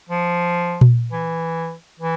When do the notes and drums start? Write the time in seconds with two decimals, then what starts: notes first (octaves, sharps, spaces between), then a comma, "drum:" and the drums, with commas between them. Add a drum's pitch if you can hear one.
0.09 F3
0.81 drum: tom A#2
1.12 E3
1.99 E3